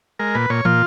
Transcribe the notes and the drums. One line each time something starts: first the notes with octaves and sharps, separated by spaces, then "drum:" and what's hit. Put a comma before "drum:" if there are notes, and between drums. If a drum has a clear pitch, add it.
G#3 A#4
A#2 B4
A#2 C#5
A#2 F4, drum: tom